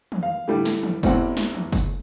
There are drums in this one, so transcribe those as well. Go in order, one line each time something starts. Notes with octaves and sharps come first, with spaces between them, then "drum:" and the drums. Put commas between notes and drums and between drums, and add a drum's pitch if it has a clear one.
drum: tom
F5
A2 D3 G3 A3
drum: snare
drum: tom
A1 E2 E3 C4 F#5, drum: kick F#1, tambourine
drum: snare
drum: tom
drum: kick F#1, tambourine